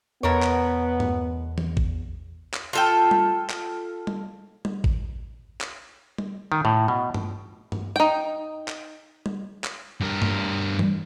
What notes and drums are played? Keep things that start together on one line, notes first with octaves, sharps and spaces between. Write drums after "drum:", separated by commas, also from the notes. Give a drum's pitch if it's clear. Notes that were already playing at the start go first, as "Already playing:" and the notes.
E2 B2 B3 A#4 C#5
drum: clap
drum: tom G2
drum: tom E3
drum: kick A1
drum: clap
F4 A4 G5
drum: tom G3
drum: clap
drum: tom G3
drum: tom G3
drum: kick A1
drum: clap
drum: tom G3
D#3
A2
B2
drum: tom G2
drum: tom G2
D#4 G5
drum: clap
drum: tom G3
drum: clap
G2 A#4
drum: tom G2
drum: tom E3